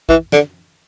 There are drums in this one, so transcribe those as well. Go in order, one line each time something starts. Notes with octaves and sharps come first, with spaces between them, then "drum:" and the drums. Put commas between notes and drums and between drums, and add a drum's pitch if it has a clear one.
E3, drum: kick
D3, drum: snare